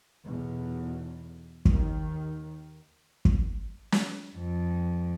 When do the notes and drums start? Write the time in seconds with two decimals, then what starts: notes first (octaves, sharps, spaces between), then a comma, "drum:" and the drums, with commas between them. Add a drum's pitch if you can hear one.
0.23 B1 E2 B2
1.65 D#2 D#3, drum: kick
3.25 drum: kick
3.92 drum: snare
4.37 F2